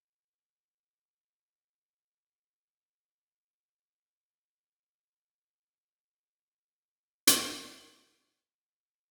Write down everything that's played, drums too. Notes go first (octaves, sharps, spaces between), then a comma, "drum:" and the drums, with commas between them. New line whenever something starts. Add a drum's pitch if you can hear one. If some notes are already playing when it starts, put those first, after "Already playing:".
Already playing: B4
G#4
A4
C#5
C#5
D#5
C#5
D#5
drum: hi-hat
A4
B4
C#5
D#5
E5
F#5
F#5